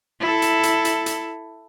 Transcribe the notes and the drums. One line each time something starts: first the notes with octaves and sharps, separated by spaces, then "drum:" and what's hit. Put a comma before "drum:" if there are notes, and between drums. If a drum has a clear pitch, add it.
E4 A4
drum: hi-hat
drum: hi-hat
drum: hi-hat
drum: hi-hat